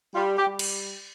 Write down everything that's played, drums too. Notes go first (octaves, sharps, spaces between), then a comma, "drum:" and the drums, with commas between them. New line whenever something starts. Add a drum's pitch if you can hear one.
G3 F4
G4
G3
drum: cymbal